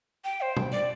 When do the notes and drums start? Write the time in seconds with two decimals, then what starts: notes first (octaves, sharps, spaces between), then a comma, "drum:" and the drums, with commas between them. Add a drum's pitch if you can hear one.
0.24 G5
0.41 C5
0.57 drum: tom
0.72 D5